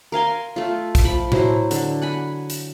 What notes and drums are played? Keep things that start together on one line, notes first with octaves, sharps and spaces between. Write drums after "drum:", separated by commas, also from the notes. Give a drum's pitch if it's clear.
A#4 F5 G#5 C6
A3 F4
drum: kick, hi-hat
F3 B5
F#3 E4 C5, drum: tom A2
D3, drum: hi-hat
F#5 G#5 B5
drum: hi-hat